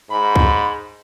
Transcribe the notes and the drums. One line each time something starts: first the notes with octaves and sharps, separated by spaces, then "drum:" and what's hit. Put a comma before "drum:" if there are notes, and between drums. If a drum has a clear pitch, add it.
G#2 B5
drum: kick